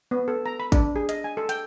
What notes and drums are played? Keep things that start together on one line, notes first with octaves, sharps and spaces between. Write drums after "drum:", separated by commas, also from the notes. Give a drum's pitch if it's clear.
B3
A4
A#5
B5
D4, drum: kick, hi-hat
G#4
D#5, drum: hi-hat
G#5
A4
G5, drum: hi-hat